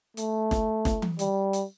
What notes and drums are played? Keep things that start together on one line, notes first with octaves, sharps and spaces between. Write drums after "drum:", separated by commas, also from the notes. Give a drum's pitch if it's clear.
A3, drum: hi-hat
drum: snare
drum: snare
drum: tom E3
G3, drum: hi-hat
drum: hi-hat